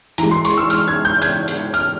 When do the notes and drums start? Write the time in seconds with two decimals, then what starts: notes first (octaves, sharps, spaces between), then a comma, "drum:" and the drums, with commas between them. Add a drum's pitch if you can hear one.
0.18 E3 G#3 A#5, drum: hi-hat
0.31 C6
0.45 C#6, drum: hi-hat
0.57 E6
0.70 F6, drum: hi-hat
0.88 G#6
1.05 G6
1.22 G#6, drum: hi-hat
1.48 drum: hi-hat
1.74 F6, drum: hi-hat